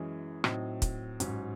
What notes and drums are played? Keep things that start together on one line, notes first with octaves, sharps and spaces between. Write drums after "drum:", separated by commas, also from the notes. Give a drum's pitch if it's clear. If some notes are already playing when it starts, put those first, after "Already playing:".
Already playing: F#2 E3 G#3 C#4 G#4
A2 F#3 C4 D#4, drum: rim click
drum: kick, hi-hat
A1 G#2 F#3 C#4, drum: hi-hat